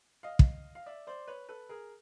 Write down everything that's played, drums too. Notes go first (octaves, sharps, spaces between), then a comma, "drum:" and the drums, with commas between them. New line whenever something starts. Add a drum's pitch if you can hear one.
D#5 F5
drum: kick
F5
D5 E5
C5 D5
B4 C#5
A4 B4
G#4 A#4